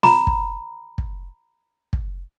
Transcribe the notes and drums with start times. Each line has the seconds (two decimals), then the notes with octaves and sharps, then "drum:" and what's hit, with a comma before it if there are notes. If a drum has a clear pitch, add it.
0.03 A#5 B5, drum: snare
0.27 drum: kick
0.98 drum: kick
1.93 drum: kick